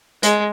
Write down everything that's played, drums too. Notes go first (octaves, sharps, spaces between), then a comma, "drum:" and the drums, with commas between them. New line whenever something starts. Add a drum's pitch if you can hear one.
G#3, drum: hi-hat